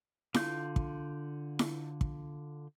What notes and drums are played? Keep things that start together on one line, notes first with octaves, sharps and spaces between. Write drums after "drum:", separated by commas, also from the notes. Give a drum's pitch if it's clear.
D3 F4 G6, drum: snare E4
drum: kick
drum: snare E4
drum: kick